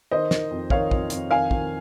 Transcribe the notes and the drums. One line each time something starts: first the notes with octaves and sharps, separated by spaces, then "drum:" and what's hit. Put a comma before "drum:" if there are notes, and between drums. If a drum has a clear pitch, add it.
D#3 C5 D#5
D#3, drum: snare
F2
D#3 C#5 F5, drum: kick
F2, drum: kick
F2, drum: hi-hat
D#3 F5 G#5
D#3, drum: kick